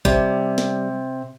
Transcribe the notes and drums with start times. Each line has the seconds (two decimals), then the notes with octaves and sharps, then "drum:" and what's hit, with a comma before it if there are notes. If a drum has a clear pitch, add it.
0.05 C3 G3, drum: kick
0.58 drum: snare